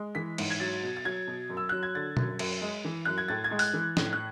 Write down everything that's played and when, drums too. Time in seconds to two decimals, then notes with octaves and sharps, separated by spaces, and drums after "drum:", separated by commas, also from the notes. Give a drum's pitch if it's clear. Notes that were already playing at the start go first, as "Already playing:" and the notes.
Already playing: G#3
0.15 E3 B6
0.38 G#2, drum: cymbal
0.50 G#6
0.60 F#3 A6
0.83 B2
0.97 A6
1.05 F#3 G#6
1.27 B2
1.50 F#2
1.57 E6
1.69 F#3 F#6
1.83 G#6
1.95 D3 A6
2.17 F#2, drum: tom B2
2.39 F#2, drum: cymbal
2.61 G#3
2.85 E3
3.05 F#2 F#6
3.18 G#6
3.28 A2 A6
3.44 G#6
3.51 G#3
3.59 F#6, drum: open hi-hat
3.73 E3
3.97 A2, drum: snare
4.13 F#6